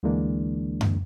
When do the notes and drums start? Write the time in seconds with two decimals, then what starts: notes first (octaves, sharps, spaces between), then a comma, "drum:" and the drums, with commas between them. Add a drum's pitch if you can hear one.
0.03 D2 D3 E3 G#3 A#3 D4
0.81 drum: tom F#2